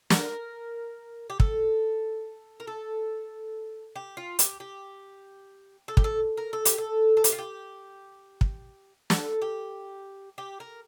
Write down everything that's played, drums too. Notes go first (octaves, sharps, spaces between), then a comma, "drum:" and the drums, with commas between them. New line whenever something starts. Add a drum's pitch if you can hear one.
A#4, drum: snare
G4
A4, drum: kick
A#4
A4
G4
F4
G4, drum: hi-hat
G4
A4
G4, drum: kick
A4
A#4
A4
G4, drum: hi-hat
A4
A4
G4, drum: hi-hat
F4
G4
drum: kick
A4, drum: snare
G4
G4
A#4